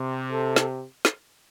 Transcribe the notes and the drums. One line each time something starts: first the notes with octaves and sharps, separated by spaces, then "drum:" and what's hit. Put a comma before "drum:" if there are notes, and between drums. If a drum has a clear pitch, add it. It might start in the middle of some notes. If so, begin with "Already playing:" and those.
Already playing: C3
A4
drum: snare
drum: snare